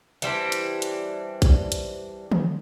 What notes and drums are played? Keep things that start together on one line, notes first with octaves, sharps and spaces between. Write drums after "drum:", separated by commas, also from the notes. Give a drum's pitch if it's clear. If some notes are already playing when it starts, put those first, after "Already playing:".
E3 G3 C4 D4, drum: hi-hat
drum: hi-hat
drum: hi-hat
drum: kick A#1, hi-hat
drum: hi-hat
drum: tom